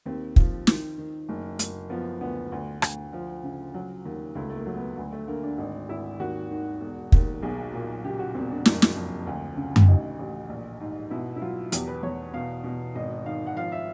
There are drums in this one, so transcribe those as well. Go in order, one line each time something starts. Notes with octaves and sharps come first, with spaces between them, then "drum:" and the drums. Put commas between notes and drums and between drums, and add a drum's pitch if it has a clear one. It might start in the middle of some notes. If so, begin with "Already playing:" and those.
D#2 C4
F3, drum: kick
D#3, drum: snare
D#3
F#1
F#1, drum: hi-hat
F3 B3
D2 B3
D2
D2, drum: rim click
F3
C#3
F#3
D#2
C#2 A3
A3
A#3
F#3
B3
D2
A3
D3 A#3
D4
G#1 D#4
G#1 E4
D#2 F#4
D#3
E1
D#2, drum: kick
B1 G#4
A#2
C#3 G4
F#4
E1 C4
D4
F#1, drum: snare
drum: snare
F2
D2
C#3
drum: tom F#2
A1 D#4
A1
A#1
G#2
B2 E4
E4
F#3 F4
E2 G4, drum: hi-hat
B4
E2 C#5
B2 F5
B2
G#1 D#5
D#3 F5
F#5
F3 F5
E5